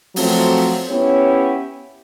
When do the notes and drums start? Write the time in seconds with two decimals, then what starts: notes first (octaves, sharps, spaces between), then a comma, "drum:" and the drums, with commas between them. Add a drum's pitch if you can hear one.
0.16 F3 F#3 A3 C4, drum: open hi-hat
0.90 B3 C#4 E4 G4 C#5